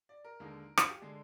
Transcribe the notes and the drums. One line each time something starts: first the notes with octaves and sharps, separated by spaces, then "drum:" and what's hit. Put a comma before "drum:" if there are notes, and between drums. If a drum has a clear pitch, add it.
D5
A#4
D#2 D3 G#3 D#4
F4, drum: rim click
G4
D3 G#3 D4 G#4